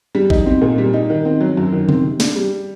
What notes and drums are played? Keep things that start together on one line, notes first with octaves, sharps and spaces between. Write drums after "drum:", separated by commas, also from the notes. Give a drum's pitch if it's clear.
G3
D#4, drum: kick G#1
C4
A#2
G3
D#4
D#3
C4
F#3
F#2
D#3
C4, drum: tom C3
C3
D4, drum: snare
G3